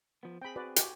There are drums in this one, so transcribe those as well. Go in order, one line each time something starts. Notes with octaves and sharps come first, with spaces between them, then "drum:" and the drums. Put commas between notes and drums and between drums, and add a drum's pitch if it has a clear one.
F3 B3
C4 G#4 G5 B5
F#4 B4 D5
F#4 G4 G#5, drum: hi-hat